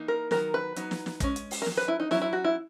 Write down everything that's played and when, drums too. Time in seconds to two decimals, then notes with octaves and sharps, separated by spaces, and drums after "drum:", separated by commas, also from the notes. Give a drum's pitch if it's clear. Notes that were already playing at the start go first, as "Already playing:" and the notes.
Already playing: E3 A#3 D#4
0.08 A#4
0.31 D#3 F#3 B3 A#4, drum: snare
0.54 B4
0.76 F#3 B3 D#4, drum: hi-hat
0.91 drum: snare
1.06 drum: snare
1.20 G#3 C#4, drum: kick, hi-hat
1.36 drum: hi-hat
1.51 drum: open hi-hat
1.62 A#4
1.66 D#3 F#3, drum: snare
1.77 B4
1.88 E4
2.00 D#4
2.11 F#3 C#4 E4, drum: snare
2.22 E4
2.33 F#4
2.44 E4